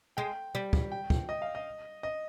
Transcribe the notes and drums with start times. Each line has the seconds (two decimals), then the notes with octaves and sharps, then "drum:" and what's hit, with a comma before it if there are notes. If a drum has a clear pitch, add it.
0.17 G#3 G5
0.55 G3
0.73 drum: kick
0.92 G5
1.10 drum: kick
1.29 D#5
1.42 F5
1.55 D#5
2.03 D#5